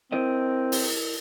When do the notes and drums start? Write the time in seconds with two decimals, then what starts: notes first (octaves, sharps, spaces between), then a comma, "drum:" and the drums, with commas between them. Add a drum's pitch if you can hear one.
0.12 C4 E4 A#4 D#5
0.72 drum: open hi-hat